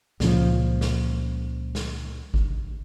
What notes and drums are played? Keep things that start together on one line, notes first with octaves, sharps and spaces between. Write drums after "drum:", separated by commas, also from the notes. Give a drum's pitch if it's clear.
C#2 A#2 C#3 F3, drum: snare
drum: snare
drum: snare
drum: kick G#1